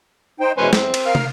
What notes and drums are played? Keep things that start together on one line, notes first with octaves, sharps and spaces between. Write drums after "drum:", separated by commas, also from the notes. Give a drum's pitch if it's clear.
D#4 C5 G5
B2 E3 G#3 C#4 B4 C5
E2 C4, drum: snare
drum: cymbal
A#4 F5 F6
drum: tom